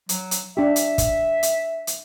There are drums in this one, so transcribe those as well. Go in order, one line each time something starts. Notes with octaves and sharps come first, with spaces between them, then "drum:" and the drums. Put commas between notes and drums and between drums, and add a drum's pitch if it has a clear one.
F#3, drum: hi-hat
drum: hi-hat
D4 G4 E5
drum: hi-hat
drum: kick, hi-hat
drum: hi-hat
drum: hi-hat